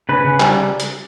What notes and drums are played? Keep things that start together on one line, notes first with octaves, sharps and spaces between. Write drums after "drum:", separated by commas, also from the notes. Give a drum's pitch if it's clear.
C#3 B4
C#3
G3, drum: clap
drum: hi-hat